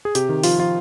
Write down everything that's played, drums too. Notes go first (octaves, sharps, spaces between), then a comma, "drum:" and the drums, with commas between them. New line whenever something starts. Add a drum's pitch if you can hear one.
G#4
C3 G4, drum: hi-hat
D#3
F3 F4, drum: open hi-hat
F3 F4